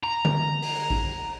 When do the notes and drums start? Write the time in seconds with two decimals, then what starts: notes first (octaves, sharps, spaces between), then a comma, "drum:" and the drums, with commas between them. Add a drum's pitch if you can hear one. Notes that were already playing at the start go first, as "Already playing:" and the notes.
0.04 A#5
0.25 drum: tom D3
0.62 drum: open hi-hat
0.90 drum: kick